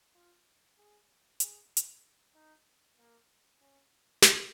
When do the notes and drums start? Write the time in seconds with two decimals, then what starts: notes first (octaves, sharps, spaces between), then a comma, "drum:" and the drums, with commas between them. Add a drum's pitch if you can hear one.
0.15 F4
0.78 G#4
1.40 G#4, drum: hi-hat
1.77 drum: hi-hat
2.35 D#4
2.98 A#3
3.61 C#4
4.22 drum: snare